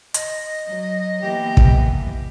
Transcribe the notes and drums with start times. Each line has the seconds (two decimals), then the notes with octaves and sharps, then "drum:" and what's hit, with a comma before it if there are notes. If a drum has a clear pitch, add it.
0.14 D#5, drum: hi-hat
0.67 F#3
1.22 E3 A#3 B3 G4
1.57 drum: kick